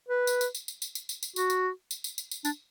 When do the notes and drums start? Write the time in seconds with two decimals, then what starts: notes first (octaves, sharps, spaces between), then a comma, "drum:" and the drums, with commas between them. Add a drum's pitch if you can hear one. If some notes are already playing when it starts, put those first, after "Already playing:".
0.09 B4
0.27 drum: tambourine
0.41 drum: tambourine
0.54 drum: tambourine
0.68 drum: tambourine
0.82 drum: tambourine
0.95 drum: tambourine
1.09 drum: tambourine
1.23 drum: tambourine
1.36 F#4, drum: tambourine
1.50 drum: tambourine
1.91 drum: tambourine
2.04 drum: tambourine
2.18 drum: tambourine
2.31 drum: tambourine
2.45 D4, drum: tambourine